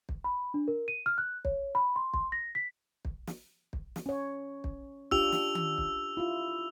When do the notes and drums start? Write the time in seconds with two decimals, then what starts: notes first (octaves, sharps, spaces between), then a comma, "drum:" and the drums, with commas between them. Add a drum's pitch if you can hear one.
0.09 drum: kick
0.24 B5
0.54 D4
0.68 A#4
0.88 D#7
1.06 F6
1.18 F#6
1.45 C#5, drum: kick
1.75 B5
1.96 C6
2.14 C6, drum: kick
2.32 A#6
2.55 B6
3.05 drum: kick
3.27 drum: snare
3.73 drum: kick
3.96 drum: snare
4.06 C#4 C#5
4.64 drum: kick
5.11 D4 F4 G4 E6 F7, drum: kick
5.32 drum: snare
5.55 drum: tom D#3
5.78 drum: kick
6.17 E4 F4